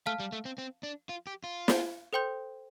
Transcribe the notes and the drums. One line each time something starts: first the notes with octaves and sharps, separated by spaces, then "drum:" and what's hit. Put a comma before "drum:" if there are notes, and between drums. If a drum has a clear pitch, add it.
A3 F5 A5 F6
G3
A3
C4
C4
D4
F4
G4
F4
drum: snare
A4 C5 G5 C6 G6